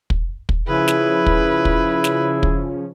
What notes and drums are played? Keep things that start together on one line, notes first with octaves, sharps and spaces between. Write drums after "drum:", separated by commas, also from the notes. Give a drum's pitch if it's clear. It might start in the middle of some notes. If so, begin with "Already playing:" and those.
drum: kick
drum: kick
C#3 F3 C#4 E4 G#4 B4
drum: snare
drum: kick
drum: kick
drum: snare
drum: kick